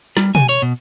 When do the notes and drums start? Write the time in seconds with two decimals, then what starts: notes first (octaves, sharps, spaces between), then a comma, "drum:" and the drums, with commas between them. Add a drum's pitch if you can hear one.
0.17 G3, drum: snare
0.35 G#5, drum: tom B2
0.49 C#5
0.62 B2